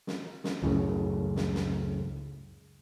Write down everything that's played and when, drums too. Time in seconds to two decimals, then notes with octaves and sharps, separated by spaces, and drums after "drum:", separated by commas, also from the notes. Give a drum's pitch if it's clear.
0.07 drum: snare
0.44 drum: snare
0.62 C#2 F#2 A2 C#3
1.36 drum: snare
1.55 drum: snare